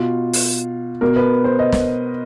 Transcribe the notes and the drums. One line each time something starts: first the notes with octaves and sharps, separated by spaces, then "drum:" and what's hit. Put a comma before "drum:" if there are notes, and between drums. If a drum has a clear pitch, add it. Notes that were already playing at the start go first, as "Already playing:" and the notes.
Already playing: B2 F4
drum: open hi-hat
B2 A#4
B4
C5
D#5
drum: snare